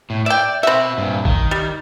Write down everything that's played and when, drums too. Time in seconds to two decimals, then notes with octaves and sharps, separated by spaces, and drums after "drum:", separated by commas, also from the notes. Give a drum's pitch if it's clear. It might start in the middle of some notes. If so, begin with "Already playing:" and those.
0.10 A2
0.26 D5 E5 G5
0.63 C4 F#4 E5 B5
0.98 G2 A#2
1.25 D#3, drum: kick
1.51 G3